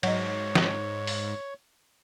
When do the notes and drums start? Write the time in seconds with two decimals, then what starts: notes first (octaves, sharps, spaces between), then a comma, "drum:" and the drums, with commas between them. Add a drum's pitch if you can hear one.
0.03 G#2 F#3 D#4 C#5, drum: cymbal
0.55 drum: snare
1.07 drum: open hi-hat